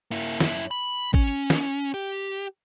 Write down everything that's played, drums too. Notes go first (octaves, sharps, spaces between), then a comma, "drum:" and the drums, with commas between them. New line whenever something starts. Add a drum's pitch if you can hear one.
A#3 E4
F#2 E4, drum: snare
B5
C#4, drum: kick
drum: snare
G4